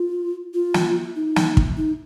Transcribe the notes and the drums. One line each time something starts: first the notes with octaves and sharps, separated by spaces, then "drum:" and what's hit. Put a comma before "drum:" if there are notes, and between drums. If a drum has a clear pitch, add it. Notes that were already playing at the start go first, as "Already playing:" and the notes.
Already playing: F4
F4
drum: snare
D#4
drum: snare
drum: kick
D#4